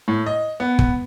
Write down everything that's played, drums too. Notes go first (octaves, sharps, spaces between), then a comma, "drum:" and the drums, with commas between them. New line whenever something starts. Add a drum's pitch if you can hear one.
A2
D#5
B3
drum: kick